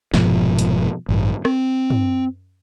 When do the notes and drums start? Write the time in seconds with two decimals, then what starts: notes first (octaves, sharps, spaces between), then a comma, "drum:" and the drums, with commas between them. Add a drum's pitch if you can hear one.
0.14 F1 G#2 B2 F3, drum: snare
0.59 drum: hi-hat
1.09 A1 G2
1.45 C4, drum: rim click
1.90 drum: tom